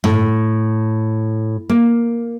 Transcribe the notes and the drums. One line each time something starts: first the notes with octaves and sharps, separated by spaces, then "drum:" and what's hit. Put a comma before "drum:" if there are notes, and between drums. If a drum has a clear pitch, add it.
A2, drum: tom G2
A#3